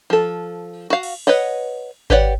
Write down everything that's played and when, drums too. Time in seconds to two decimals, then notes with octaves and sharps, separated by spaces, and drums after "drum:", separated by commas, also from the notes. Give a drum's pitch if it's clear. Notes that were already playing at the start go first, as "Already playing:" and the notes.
0.10 F3 A4
0.90 F#4 F5
1.03 drum: cymbal
1.27 B4 C#5 D#5 F#5
2.10 G4 B4 C#5 D5 F#5, drum: kick G#1